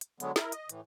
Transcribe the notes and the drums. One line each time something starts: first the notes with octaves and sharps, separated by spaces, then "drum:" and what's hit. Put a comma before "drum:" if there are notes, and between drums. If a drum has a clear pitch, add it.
drum: hi-hat
D3 F#3 G#3 B3, drum: hi-hat
E4 A#4, drum: snare
D#5, drum: hi-hat
A2 E3, drum: hi-hat